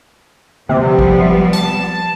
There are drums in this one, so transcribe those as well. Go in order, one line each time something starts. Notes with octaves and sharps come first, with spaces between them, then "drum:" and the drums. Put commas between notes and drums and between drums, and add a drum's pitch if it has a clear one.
C3 F3 G3 B3, drum: tom D3
drum: kick G#1
A5, drum: hi-hat